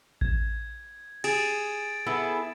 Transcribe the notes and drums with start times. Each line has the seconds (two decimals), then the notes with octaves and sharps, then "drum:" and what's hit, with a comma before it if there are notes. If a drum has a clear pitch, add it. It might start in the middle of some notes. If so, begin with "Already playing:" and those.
0.21 G#6, drum: kick A1
1.24 G#4 A6 D7 E7, drum: cymbal
2.06 B3 E4 G#4 A4